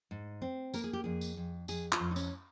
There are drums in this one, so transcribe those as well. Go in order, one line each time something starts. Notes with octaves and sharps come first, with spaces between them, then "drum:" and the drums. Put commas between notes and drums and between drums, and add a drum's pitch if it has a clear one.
G#2
C4
A#3 A#4, drum: tambourine
G#4
G4
F2 G#4
drum: tambourine
F2
F2 G#4, drum: tambourine
F4, drum: clap
F2
D#4
C#4, drum: tambourine